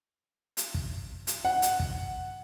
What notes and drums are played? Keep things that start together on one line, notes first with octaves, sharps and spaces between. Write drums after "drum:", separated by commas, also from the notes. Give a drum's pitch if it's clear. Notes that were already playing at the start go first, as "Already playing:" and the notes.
drum: hi-hat
drum: kick
drum: hi-hat
F#5
drum: hi-hat
drum: kick